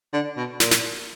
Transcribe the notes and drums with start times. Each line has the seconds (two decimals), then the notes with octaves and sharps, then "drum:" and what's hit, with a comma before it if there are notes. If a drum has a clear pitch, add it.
0.13 D3
0.37 B2
0.60 A#2, drum: snare
0.71 drum: snare